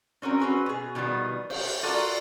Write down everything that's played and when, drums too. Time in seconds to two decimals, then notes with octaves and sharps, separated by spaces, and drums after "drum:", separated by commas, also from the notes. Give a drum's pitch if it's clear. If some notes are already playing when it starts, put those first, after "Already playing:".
0.22 C4 C#4 F#4 A#4
0.39 C4 C#4 F#4 G#4 B4
0.66 B2 G#4
0.95 B2 D#3 F3 G3 B3
1.50 C5, drum: cymbal
1.83 F4 F#4 A4 A#4 D5